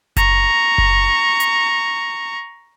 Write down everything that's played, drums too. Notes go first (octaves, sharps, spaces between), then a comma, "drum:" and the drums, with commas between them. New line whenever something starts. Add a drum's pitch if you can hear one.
A#5 C#6, drum: kick F#1, hi-hat
drum: kick F#1
drum: hi-hat